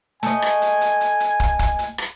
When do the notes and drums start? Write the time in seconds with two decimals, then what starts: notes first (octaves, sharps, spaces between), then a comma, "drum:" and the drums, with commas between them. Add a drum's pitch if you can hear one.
0.23 A3 D#5 G#5, drum: hi-hat
0.42 drum: rim click
0.62 drum: hi-hat
0.81 drum: hi-hat
1.01 drum: hi-hat
1.20 drum: hi-hat
1.40 drum: kick, hi-hat
1.59 drum: kick, hi-hat
1.79 drum: hi-hat
1.98 drum: rim click